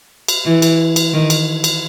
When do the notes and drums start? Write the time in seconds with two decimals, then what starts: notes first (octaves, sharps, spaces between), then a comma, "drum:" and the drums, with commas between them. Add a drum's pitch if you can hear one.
0.28 drum: cymbal
0.46 E3
0.62 drum: cymbal
0.96 drum: cymbal
1.13 D#3
1.30 drum: cymbal
1.64 drum: cymbal